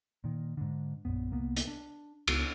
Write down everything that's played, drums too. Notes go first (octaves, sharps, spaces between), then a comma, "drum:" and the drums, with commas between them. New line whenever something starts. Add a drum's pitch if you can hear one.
A#2 D#3
G#2 D3
A#1 F#2 B3
C2 A#3 B3
drum: hi-hat
D4
C#2 B3, drum: cymbal